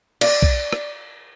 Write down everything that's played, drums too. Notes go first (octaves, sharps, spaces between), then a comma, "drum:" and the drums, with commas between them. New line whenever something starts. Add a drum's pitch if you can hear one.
D5, drum: cymbal
drum: kick B1
drum: rim click